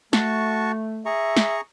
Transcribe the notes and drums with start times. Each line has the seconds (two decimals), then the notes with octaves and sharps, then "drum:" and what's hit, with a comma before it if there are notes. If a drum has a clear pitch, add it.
0.13 A3 F#4 A5 C#6, drum: snare
1.06 G#4 E5 A#5 C#6
1.37 drum: snare